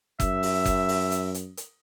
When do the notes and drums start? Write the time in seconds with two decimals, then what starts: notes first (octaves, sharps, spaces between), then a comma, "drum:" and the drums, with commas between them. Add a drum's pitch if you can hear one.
0.20 F#2 E5, drum: kick F#1, hi-hat
0.43 drum: open hi-hat
0.66 drum: kick F#1, hi-hat
0.89 drum: open hi-hat
1.11 drum: hi-hat
1.34 drum: hi-hat
1.57 drum: hi-hat